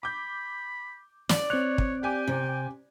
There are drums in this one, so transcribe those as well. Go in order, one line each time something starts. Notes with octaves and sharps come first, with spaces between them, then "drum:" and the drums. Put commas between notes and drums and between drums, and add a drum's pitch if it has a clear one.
B5 D6 G6
D5, drum: snare
C4 C#5 F#6 F7
drum: kick
G4 G5 G#5 D6
C3